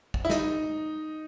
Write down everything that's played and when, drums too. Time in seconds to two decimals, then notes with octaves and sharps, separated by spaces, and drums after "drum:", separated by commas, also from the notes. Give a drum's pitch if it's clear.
0.14 drum: kick
0.25 E4
0.30 D#4, drum: snare